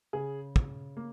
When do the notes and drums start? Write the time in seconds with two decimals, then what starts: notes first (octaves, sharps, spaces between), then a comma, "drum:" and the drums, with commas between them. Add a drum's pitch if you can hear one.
0.13 C#3 G#4
0.56 C#3, drum: kick
0.97 A#3